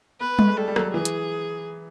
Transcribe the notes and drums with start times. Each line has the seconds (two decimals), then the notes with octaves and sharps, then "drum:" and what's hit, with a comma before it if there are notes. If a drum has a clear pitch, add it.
0.20 B3 B4
0.39 A3, drum: tom G3
0.48 G#3
0.57 G3 A4
0.68 G3
0.76 F#3, drum: rim click
0.94 E3 G#4
1.05 drum: hi-hat